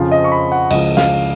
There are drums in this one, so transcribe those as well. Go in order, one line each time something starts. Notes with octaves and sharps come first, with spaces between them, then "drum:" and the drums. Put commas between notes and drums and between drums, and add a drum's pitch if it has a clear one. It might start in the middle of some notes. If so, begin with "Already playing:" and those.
Already playing: F2 C#3 F3 F4
D#5
C#6
B5
F#5
C#2 C#3 F3 D#5, drum: cymbal
F5, drum: snare